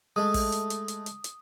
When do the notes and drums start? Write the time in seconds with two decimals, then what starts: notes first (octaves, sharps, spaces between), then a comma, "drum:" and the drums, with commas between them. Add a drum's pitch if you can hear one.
0.16 G#3 A3 D#6
0.34 drum: kick, open hi-hat
0.52 drum: hi-hat
0.70 drum: hi-hat
0.88 drum: hi-hat
1.06 drum: hi-hat
1.24 drum: hi-hat